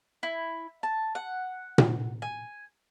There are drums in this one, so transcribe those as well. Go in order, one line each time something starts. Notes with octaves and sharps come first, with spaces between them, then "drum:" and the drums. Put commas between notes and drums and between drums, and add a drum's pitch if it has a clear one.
E4
A5
F#5
drum: tom A#2
G#5